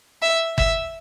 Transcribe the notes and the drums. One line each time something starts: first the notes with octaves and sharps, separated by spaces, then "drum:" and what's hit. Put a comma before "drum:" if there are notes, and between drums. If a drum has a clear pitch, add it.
E5
E5, drum: kick